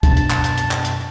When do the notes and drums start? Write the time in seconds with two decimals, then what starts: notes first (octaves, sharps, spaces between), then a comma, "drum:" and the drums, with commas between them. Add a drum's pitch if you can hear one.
0.03 F#2 B2 D4 A5, drum: kick, hi-hat
0.17 drum: hi-hat
0.30 drum: clap
0.44 drum: hi-hat
0.58 drum: hi-hat
0.71 drum: clap
0.85 drum: hi-hat